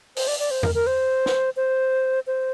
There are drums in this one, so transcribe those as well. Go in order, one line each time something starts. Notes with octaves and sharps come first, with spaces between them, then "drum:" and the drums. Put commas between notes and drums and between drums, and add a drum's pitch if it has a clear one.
C5, drum: open hi-hat
D5
D5
C5
A#4, drum: tom E2
A#4
C5
drum: snare
C5
C5